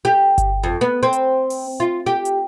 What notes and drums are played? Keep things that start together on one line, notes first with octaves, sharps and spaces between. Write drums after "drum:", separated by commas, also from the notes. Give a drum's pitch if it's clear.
G4
drum: kick G1, hi-hat
F2
B3
C4
drum: hi-hat
drum: open hi-hat
F4
G4
drum: hi-hat